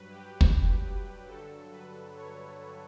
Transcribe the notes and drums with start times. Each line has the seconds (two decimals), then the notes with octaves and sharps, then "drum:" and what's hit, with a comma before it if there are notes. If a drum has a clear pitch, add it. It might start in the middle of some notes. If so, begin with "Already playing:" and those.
Already playing: G2 F#3 B4
0.11 G4
0.41 drum: kick
1.28 G2 D3 F#3 A4
1.72 B4
2.17 C#5